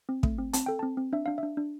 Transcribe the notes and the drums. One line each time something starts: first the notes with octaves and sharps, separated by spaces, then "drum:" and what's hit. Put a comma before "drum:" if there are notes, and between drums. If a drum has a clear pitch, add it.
C4
A3, drum: kick
C4
C4 A5, drum: hi-hat
A4 G5
C4 A5
C4
D4 E5
D4 F5
E5
D4
D4